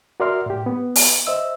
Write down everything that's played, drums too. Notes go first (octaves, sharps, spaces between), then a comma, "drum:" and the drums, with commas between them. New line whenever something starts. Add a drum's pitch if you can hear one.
F#4 A#4 D5 E5 C6 F6
A2 G4
B3
drum: open hi-hat
C5 D#5 E5 E6